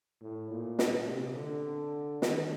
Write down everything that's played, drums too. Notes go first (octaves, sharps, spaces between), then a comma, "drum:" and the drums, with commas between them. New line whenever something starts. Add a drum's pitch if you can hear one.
A2
A#2
drum: snare
C3
D3
D#3, drum: snare